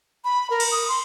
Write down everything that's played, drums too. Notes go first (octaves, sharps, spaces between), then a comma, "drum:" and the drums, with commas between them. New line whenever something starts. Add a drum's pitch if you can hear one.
B5
A#4
drum: cymbal
D#6
C6